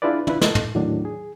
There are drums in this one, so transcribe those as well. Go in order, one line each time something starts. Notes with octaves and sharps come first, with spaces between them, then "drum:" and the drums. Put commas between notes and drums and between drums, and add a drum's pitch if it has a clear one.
D4 E4 F4 G#4 B4 D5
D4 E4 F4 B4, drum: tom
A4 D#5, drum: snare
drum: tom
D#2 A2 D#3 F#3 D4
G#4